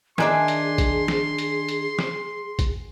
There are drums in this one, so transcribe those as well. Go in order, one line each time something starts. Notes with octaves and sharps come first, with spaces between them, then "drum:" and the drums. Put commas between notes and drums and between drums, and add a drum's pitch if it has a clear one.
D#3 D4 G#4 E5 G#5 C6, drum: snare
drum: hi-hat
drum: kick A1, hi-hat
drum: snare
drum: hi-hat
drum: hi-hat
drum: snare
drum: kick A1, hi-hat